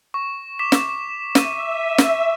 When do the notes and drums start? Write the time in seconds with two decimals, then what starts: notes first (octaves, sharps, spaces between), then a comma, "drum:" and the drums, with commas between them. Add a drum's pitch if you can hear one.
0.14 C#6
0.59 D6 B6 E7
0.72 drum: snare
1.35 E5 D#7, drum: snare
1.98 drum: snare